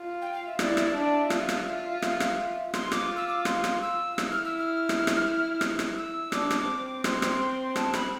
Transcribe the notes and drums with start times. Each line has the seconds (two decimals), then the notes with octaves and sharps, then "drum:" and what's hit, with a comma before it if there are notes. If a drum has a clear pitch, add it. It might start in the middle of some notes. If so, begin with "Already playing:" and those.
Already playing: F4
0.22 G5
0.33 F5
0.47 E5
0.59 E4 D5, drum: rim click
0.77 drum: rim click
0.95 D4 E5
1.30 F4, drum: rim click
1.49 drum: rim click
2.02 drum: rim click
2.20 drum: rim click
2.74 F4 C6, drum: rim click
2.92 D6, drum: rim click
3.16 E6
3.28 D6
3.45 C6, drum: rim click
3.64 drum: rim click
3.81 E6
4.18 E4, drum: rim click
4.31 F6
4.44 E6
4.58 F6
4.89 drum: rim click
5.07 drum: rim click
5.61 drum: rim click
5.79 drum: rim click
5.96 E6
6.32 D4 D6, drum: rim click
6.51 drum: rim click
6.68 C4
7.04 C6, drum: rim click
7.22 drum: rim click
7.76 A5, drum: rim click
7.94 B5, drum: rim click